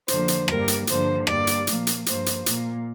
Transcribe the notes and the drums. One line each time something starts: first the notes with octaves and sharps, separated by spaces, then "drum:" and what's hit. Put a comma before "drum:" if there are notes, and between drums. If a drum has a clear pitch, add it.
F2 D3 F3 A#3 C5, drum: hi-hat
drum: hi-hat
G2 G3 A#3 A#4, drum: rim click
drum: hi-hat
G2 D3 F3 A#3 C5, drum: hi-hat
G2 G3 A#3 D5, drum: rim click
drum: hi-hat
A#2 F3 A#3, drum: hi-hat
drum: hi-hat
G2 F3 A#3 C5, drum: hi-hat
drum: hi-hat
A#2 A#3, drum: hi-hat